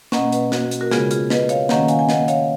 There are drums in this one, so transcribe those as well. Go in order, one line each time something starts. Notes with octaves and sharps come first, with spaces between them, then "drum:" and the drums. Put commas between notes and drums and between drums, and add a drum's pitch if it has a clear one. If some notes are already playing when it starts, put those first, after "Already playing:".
B2 A#3 C#4 D#5 F#5, drum: snare
B4 D#5, drum: hi-hat
F#4, drum: snare
drum: hi-hat
F#4 A#4
C#3 G#3 B3 F4 G#4, drum: snare
F4 G#4, drum: hi-hat
B4 D#5, drum: snare
C#5 F5, drum: hi-hat
D#3 A#3 C#4 D#5 F#5, drum: snare
F5 G#5, drum: hi-hat
G#5
D#5 F#5, drum: snare
C#5 F5, drum: hi-hat